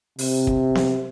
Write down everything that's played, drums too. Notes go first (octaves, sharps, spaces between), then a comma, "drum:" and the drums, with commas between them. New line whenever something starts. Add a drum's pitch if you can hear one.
C3, drum: open hi-hat
drum: kick
drum: snare B3